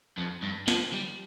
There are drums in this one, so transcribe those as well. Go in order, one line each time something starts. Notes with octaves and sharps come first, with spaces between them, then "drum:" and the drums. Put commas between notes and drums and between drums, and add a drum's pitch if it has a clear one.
F2
G2
F3, drum: snare
G3